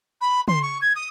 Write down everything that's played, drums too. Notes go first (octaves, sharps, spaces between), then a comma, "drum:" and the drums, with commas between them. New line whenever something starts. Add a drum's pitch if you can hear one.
B5
C6, drum: tom
C#6
G#6
D#6